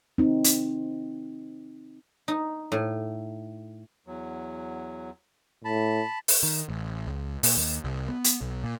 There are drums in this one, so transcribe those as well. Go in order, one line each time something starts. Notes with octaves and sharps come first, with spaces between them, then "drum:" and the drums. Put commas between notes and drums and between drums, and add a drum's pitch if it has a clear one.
C4 D#4
drum: hi-hat
D#4
A2
E2 F#3
A2 A5 B5
drum: open hi-hat
D#3
A1
C#2
A#2, drum: open hi-hat
D#2
C2
B3
drum: hi-hat
B1
A#2